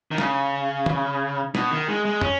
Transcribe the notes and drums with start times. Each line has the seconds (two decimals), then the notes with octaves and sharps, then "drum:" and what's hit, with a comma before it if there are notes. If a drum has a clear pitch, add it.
0.11 D#3
0.18 C#3, drum: snare
0.86 drum: tom
1.55 B2, drum: snare
1.71 D#3
1.88 G#3
2.05 G#3
2.21 C#4, drum: tom